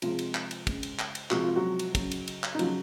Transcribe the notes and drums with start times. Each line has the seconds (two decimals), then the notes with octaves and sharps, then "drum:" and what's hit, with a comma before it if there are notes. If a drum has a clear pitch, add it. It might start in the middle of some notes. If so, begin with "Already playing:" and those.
0.02 C3 F3 G#3 F4, drum: cymbal
0.19 drum: cymbal
0.35 drum: clap
0.51 drum: cymbal
0.67 C#3 G#3, drum: kick, cymbal
0.83 drum: cymbal
0.99 drum: clap
1.15 drum: cymbal
1.31 C3 F3 G#3 F#4, drum: clap
1.44 F4
1.56 F#3 F#4
1.79 drum: cymbal
1.95 C#3 F#3, drum: kick, cymbal
2.11 drum: cymbal
2.28 drum: cymbal
2.44 drum: clap
2.55 D#4
2.59 C#3 F3 F#3 F4, drum: cymbal